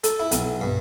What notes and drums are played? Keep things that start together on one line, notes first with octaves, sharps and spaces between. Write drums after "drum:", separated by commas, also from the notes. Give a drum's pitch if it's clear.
A4, drum: hi-hat
E4
B1, drum: hi-hat
G2